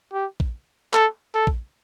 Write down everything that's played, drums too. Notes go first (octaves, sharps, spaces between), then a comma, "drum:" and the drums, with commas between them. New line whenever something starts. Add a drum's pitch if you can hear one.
G4
drum: kick A#1
A4, drum: clap
A4
drum: kick A#1